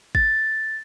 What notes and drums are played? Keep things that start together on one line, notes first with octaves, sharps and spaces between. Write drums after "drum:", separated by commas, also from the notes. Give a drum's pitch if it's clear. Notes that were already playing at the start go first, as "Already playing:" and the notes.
A6, drum: kick